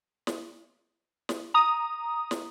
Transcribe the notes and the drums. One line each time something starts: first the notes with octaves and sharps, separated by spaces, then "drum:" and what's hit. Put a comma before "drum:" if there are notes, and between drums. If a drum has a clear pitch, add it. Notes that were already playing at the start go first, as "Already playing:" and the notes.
drum: snare
drum: snare
A#5 D#6
drum: snare